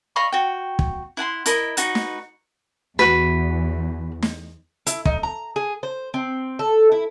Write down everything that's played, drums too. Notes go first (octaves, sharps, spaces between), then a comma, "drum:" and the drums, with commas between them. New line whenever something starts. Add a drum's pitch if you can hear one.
D#5 F5 B5 C#6
F#4 G5
drum: kick
E4 F#5 G#5 C6
E4 A#4 D#5 B5, drum: hi-hat
D#4 F#4 B4, drum: hi-hat
drum: snare
E2 F#4 B4
drum: snare
E4, drum: hi-hat
D#4, drum: kick
A#5
G#4
C5
C4
A4
E4